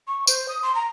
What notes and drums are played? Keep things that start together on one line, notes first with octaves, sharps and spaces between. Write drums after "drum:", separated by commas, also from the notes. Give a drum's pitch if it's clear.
C#6
C5, drum: tambourine
D#6
C6
A#5